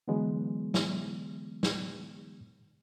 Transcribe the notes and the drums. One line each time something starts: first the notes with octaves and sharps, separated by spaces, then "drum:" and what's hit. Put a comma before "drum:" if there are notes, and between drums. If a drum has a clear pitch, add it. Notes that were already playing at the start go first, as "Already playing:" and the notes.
D3 E3 F#3 G#3 B3
drum: snare
drum: snare